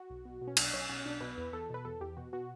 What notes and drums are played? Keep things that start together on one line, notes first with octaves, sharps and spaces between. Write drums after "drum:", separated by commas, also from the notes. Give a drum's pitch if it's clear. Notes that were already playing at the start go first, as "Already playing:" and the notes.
Already playing: F#4
B1
B2
B2
C#4
B1 D4, drum: cymbal
B1 C#4
B1 C#4
B1 D4
B2 B4
E2
E2 A4
B2 B4
E2 A4
E2 G4
B2 F#4
B2 F#4